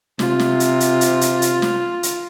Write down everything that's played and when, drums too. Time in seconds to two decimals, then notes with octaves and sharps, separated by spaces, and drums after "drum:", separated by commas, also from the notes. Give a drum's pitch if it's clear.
0.19 C3 F4, drum: snare
0.39 drum: snare
0.60 drum: hi-hat
0.80 drum: hi-hat
1.01 drum: hi-hat
1.21 drum: hi-hat
1.42 drum: hi-hat
1.62 drum: snare
2.03 drum: hi-hat